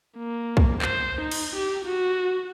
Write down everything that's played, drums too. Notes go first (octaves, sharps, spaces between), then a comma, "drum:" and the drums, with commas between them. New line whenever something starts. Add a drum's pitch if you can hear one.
A#3
drum: kick
C5, drum: clap
D#4
drum: cymbal
G4
F#4